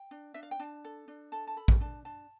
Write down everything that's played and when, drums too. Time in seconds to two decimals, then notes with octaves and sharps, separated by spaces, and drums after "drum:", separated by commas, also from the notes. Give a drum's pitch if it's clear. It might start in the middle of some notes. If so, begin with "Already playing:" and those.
Already playing: G5
0.11 D4
0.34 D4 E5
0.43 F5
0.51 G5
0.59 D4 A5
0.84 A4
1.08 D4
1.32 A4 A5
1.47 A5
1.56 A4 B5
1.68 drum: kick
1.81 D4 A5
2.05 D4 A5